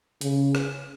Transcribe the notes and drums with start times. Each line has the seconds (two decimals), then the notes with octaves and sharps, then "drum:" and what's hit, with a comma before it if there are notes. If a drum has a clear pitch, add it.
0.21 C#3, drum: hi-hat
0.55 drum: rim click